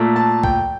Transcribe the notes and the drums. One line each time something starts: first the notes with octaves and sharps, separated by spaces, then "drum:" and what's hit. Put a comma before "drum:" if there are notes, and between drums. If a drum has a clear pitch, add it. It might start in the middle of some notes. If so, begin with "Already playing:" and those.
Already playing: A#2 A3
A5
G5, drum: kick